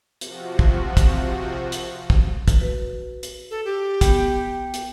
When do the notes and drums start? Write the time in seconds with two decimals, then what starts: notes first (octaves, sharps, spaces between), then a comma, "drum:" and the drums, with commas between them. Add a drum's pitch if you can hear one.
0.21 C3 F3 F#4, drum: hi-hat
0.59 drum: kick
0.97 drum: kick, hi-hat
1.72 drum: hi-hat
2.10 drum: kick
2.48 drum: kick, hi-hat
2.61 F#4 B4
3.23 drum: hi-hat
3.51 A4
3.65 G4
4.01 B3 G5, drum: kick, hi-hat
4.74 drum: hi-hat